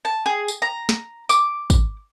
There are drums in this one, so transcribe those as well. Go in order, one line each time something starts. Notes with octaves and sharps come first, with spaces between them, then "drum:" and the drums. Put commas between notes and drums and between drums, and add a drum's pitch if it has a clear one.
A5
G#4
drum: tambourine
A#5
drum: snare
D6, drum: tambourine
drum: kick, tambourine